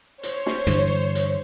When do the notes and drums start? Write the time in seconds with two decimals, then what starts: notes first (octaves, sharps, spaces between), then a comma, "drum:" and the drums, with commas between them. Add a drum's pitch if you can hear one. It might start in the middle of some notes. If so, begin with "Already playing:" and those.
0.23 C5 C#5, drum: hi-hat
0.46 drum: snare
0.67 G2 D3 E3, drum: hi-hat
1.15 drum: hi-hat